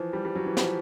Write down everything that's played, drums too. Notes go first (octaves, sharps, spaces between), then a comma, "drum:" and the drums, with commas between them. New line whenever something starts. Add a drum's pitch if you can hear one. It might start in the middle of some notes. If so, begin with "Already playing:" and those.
Already playing: E3 F3
G3
G3
F#3
E3
F3, drum: snare